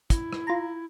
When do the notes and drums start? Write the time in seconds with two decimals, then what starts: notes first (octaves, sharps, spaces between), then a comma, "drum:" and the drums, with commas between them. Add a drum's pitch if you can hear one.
0.10 E4, drum: kick, hi-hat
0.33 drum: rim click
0.47 F4 A#5